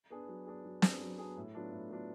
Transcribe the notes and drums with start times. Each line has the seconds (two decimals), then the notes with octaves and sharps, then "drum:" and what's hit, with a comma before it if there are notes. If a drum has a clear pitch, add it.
0.10 B3 D4 G#4
0.28 F#3
0.46 B3 D4 G#4
0.65 F#3
0.82 B3 D4 G#4, drum: snare
1.00 F#3
1.18 B3 D4 G#4
1.37 A2
1.55 F#3 B3 D4 F4
1.72 A2
1.90 F#3 B3 D4 F4